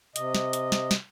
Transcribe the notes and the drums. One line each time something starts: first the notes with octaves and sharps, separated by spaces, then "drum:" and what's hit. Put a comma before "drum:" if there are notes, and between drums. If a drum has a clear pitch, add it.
C3 D#5, drum: hi-hat
drum: snare
drum: hi-hat
drum: snare
drum: snare